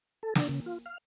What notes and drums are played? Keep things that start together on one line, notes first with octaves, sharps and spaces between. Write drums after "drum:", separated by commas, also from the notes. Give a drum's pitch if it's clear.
A4
D4, drum: snare
C#3
F4
F5